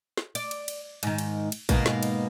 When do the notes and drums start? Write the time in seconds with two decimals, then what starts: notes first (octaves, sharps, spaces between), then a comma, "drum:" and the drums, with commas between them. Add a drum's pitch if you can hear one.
0.17 drum: snare
0.35 D5, drum: cymbal
0.51 drum: cymbal
0.68 drum: cymbal
1.03 G#2 D#3, drum: cymbal
1.18 drum: cymbal
1.52 drum: cymbal
1.69 G#2 B2 A#3, drum: kick A1, cymbal
1.86 drum: snare
2.03 drum: cymbal